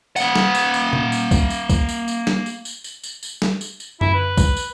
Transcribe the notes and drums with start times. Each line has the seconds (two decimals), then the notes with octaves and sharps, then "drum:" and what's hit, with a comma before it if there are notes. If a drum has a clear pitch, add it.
0.16 A#3 F#5, drum: tambourine
0.35 drum: snare
0.55 drum: tambourine
0.74 drum: tambourine
0.93 drum: tom A#2
1.12 drum: tambourine
1.31 drum: kick B1, tambourine
1.50 drum: tambourine
1.69 drum: kick B1, tambourine
1.89 drum: tambourine
2.08 drum: tambourine
2.27 drum: snare
2.46 drum: tambourine
2.65 drum: tambourine
2.84 drum: tambourine
3.03 drum: tambourine
3.23 drum: tambourine
3.42 drum: snare
3.61 drum: tambourine
3.80 drum: tambourine
4.01 E4, drum: tom F#2
4.14 B4
4.37 drum: kick B1, tambourine
4.57 drum: tambourine